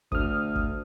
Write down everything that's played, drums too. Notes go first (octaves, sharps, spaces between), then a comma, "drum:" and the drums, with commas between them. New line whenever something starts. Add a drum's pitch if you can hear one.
D2 D#6 F6, drum: kick G#1
drum: kick G#1